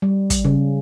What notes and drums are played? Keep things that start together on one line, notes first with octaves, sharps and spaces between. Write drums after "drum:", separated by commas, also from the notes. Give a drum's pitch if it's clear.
G3
drum: kick, hi-hat
C#3